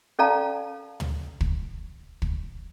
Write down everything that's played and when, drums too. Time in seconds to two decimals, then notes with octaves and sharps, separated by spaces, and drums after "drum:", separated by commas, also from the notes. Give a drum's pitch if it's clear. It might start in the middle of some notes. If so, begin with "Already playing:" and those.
0.19 C#4 A4 D5 F5 A5 A#5
1.00 drum: tom
1.41 drum: kick
2.22 drum: kick